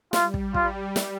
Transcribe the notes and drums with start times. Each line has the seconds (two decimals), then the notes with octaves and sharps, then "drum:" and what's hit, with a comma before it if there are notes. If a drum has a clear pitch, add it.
0.13 G3 F4, drum: snare
0.34 drum: kick
0.54 F4, drum: kick
0.96 drum: snare